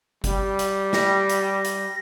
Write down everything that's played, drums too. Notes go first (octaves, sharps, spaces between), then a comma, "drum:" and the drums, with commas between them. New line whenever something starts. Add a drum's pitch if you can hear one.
G3, drum: kick G1, hi-hat
drum: hi-hat
A#6, drum: snare
drum: hi-hat
drum: hi-hat